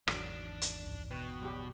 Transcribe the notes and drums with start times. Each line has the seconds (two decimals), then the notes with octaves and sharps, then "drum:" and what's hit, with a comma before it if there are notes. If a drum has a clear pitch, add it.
0.08 G#1 E2 D3 F#3 D4, drum: rim click
0.62 drum: hi-hat
0.82 C#2 G2
1.11 B2 B4 G5 C#6 F#6
1.42 F#3 G3 G4